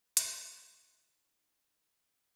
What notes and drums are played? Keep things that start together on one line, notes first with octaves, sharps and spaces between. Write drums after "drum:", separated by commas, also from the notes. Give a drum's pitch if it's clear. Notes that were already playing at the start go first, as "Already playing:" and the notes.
D#4 F#4, drum: hi-hat